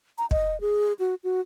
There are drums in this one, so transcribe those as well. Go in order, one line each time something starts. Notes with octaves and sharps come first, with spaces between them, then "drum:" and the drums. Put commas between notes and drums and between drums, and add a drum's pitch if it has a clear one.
A#5
D#5, drum: kick
G#4
F#4
F#4